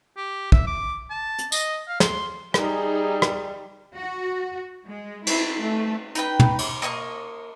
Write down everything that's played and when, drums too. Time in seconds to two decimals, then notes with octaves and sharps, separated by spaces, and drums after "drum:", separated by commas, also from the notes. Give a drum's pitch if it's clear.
0.17 G4
0.52 E5, drum: kick
0.67 D6
1.10 A5
1.39 drum: hi-hat
1.52 D#5, drum: tambourine
1.88 F5
2.00 C6, drum: snare
2.54 G3 D#4 G#4, drum: rim click
3.22 drum: rim click
3.96 F#4
4.87 G#3
5.27 E4, drum: cymbal
5.59 A3
6.15 D#4 B4 G5, drum: hi-hat
6.40 drum: tom
6.58 drum: cymbal
6.82 A#3 D#5 G#5 C#6